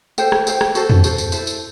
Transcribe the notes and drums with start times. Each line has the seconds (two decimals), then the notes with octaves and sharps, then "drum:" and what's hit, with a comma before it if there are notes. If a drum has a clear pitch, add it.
0.18 A4 C5 G5, drum: tambourine
0.32 drum: rim click
0.47 A4 C5 G5, drum: tambourine
0.61 drum: rim click
0.75 F#4 A4 C5, drum: tambourine
0.90 drum: tom
1.04 F#4 A4 C5, drum: tambourine
1.18 drum: tambourine
1.32 E4 A4 C5, drum: tambourine
1.47 drum: tambourine